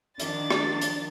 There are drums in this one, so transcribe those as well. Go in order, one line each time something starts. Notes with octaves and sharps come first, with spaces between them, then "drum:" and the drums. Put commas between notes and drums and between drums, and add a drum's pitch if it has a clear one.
D#3 F3 D4 A6, drum: hi-hat
drum: rim click
drum: hi-hat